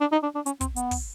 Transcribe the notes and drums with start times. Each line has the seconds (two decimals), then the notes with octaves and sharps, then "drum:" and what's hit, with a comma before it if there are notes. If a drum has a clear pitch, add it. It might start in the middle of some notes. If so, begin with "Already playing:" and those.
0.01 D4
0.12 D#4
0.23 D4
0.35 D4
0.46 C#4, drum: hi-hat
0.61 C4, drum: kick, hi-hat
0.76 B3, drum: hi-hat
0.91 drum: kick, open hi-hat